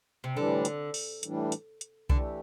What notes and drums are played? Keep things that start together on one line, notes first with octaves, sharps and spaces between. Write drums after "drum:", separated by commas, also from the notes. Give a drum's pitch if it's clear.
C3
A2 D3 E3 G3 D4
drum: hi-hat
drum: open hi-hat
A2 E3 G3 D4, drum: hi-hat
drum: hi-hat
drum: hi-hat
D3 E3 A3 D4 G4, drum: kick B1